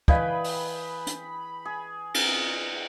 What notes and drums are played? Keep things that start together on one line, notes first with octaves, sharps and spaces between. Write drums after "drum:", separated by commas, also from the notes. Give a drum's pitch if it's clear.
E3 G#4 B4 D5 D#5 F5 G5 B5, drum: kick
drum: open hi-hat
drum: hi-hat
G#4
drum: cymbal